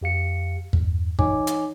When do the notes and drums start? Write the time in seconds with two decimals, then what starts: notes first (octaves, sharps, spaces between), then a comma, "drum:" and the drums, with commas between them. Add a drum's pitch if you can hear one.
0.01 F2 G4 F5 C#7
0.73 E2 G2, drum: kick
1.19 E3 D#4 C#5 G#5 D6, drum: kick
1.47 drum: hi-hat